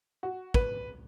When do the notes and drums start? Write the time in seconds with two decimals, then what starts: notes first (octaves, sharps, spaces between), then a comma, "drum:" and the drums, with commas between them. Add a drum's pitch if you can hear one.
0.23 F#4
0.54 B4, drum: kick